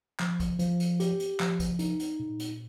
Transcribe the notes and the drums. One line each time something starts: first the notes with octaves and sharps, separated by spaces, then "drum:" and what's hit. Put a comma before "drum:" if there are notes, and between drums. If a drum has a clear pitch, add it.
F3, drum: clap
drum: kick, hi-hat
F3, drum: hi-hat
drum: hi-hat
G4, drum: hi-hat
drum: hi-hat
F3, drum: clap
drum: kick, hi-hat
D#4, drum: hi-hat
drum: hi-hat
A#2
drum: hi-hat